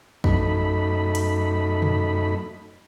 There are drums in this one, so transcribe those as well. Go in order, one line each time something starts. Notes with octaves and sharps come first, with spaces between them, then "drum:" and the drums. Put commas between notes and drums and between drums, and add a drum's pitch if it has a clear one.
F#2 A3 D#4 B5, drum: kick
drum: hi-hat
drum: tom